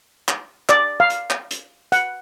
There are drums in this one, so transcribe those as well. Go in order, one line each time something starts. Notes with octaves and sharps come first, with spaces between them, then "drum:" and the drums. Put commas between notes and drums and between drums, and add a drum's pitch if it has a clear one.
drum: clap
D5, drum: clap
F5
drum: hi-hat
drum: clap
drum: hi-hat
F#5, drum: hi-hat